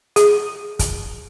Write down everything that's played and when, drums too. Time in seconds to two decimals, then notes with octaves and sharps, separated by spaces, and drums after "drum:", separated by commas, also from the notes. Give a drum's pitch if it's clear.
0.16 G#4, drum: hi-hat
0.79 drum: kick, hi-hat